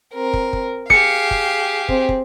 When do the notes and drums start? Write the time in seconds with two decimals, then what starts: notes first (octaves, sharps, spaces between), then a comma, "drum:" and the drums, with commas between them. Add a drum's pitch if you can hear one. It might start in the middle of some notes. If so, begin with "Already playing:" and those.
0.14 C4 A#4
0.34 drum: kick
0.53 drum: kick
0.90 G4 G#4 F5 C#7, drum: kick
1.31 drum: kick
1.89 C4, drum: kick
2.09 drum: kick